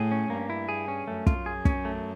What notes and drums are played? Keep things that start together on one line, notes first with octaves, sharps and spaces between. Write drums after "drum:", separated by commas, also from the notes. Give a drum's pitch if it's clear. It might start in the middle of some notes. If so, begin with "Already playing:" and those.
Already playing: A2 G#4
C#4
G2 A#3
E4
G#4
C#4
F#2 A3
F4, drum: kick
G#4
C#4, drum: kick
A3